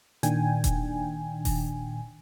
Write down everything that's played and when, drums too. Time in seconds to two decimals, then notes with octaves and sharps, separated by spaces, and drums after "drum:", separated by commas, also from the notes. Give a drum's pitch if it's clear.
0.23 A#2 D#3 D4 G5 G#5, drum: hi-hat
0.64 drum: kick E1, hi-hat
1.45 drum: kick E1, open hi-hat